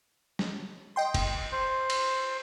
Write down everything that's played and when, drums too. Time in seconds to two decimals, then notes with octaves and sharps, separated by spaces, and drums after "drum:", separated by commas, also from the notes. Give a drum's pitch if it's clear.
0.39 drum: snare
0.96 D#5 G5 C6
1.14 drum: kick, cymbal
1.52 C5
1.90 drum: cymbal